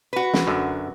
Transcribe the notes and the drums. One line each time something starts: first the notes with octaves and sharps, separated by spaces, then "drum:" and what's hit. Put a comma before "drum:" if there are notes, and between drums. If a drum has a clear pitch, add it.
F#4 B4
drum: snare
F#2 D3